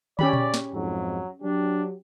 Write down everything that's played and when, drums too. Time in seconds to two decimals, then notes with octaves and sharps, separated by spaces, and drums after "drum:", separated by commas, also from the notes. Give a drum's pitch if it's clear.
0.19 C#4 G4 D5 B5, drum: tom
0.33 drum: tom A#2
0.54 drum: snare
0.73 F2 G#2 F#3
1.42 F#3 D4 G4